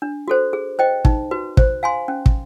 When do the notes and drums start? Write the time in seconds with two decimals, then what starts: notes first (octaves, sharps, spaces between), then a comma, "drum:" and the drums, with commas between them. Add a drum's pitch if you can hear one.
0.02 D4
0.28 F#4 A4 C5
0.53 G#4
0.79 C5 D#5 G5
1.05 D#4, drum: kick
1.31 F#4 B4
1.57 C5, drum: kick
1.83 F5 G#5 C6
2.08 C#4
2.26 drum: kick